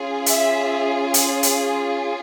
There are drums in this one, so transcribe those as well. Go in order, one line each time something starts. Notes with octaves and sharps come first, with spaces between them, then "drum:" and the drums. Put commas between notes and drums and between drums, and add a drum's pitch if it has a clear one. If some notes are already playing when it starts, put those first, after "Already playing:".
Already playing: C#4 F4 G#4
E5, drum: hi-hat
drum: hi-hat
drum: hi-hat